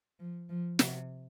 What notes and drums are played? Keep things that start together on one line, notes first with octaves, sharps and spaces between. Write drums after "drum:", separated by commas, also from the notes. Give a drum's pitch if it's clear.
F3
F3
C3, drum: snare